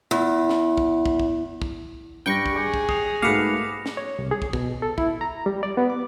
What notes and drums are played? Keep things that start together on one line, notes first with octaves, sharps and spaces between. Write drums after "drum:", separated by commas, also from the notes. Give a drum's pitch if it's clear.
E2
drum: snare
drum: kick
drum: kick
drum: kick
drum: kick
G2 G3 G5 C#6 F#6 A#6
drum: kick
G#4 D6 C#7
drum: kick
D#6 C7 F7, drum: kick
G#2 A3 A#3 F#4 B4 F5 D6 C#7
drum: snare
C#5
C2
G#4
drum: kick
B2, drum: kick
A4
E4, drum: kick
A#5
G3
D5
B3
D6